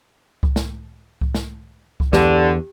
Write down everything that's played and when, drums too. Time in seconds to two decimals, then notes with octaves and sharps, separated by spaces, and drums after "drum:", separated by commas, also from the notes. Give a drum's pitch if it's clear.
0.43 drum: kick C2
0.56 drum: snare
1.21 drum: kick C2
1.34 drum: snare
2.00 drum: kick C2
2.13 E2 D3 G4, drum: snare